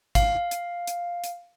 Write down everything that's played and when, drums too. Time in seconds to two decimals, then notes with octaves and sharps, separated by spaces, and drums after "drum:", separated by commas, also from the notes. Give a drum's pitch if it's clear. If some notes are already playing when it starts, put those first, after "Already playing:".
0.15 F5, drum: kick G#1, hi-hat
0.51 drum: hi-hat
0.87 drum: hi-hat
1.24 drum: hi-hat